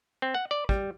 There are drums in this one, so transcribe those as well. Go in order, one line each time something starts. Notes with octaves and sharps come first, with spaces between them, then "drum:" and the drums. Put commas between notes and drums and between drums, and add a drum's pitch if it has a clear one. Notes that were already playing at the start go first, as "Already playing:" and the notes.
C4
F#5
D5
G3, drum: kick